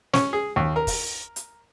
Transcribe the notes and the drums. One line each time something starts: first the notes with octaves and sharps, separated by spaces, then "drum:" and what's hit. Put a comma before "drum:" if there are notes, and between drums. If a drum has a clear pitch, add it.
C#4, drum: snare
G#4
D#2
A#4
drum: kick, open hi-hat
drum: hi-hat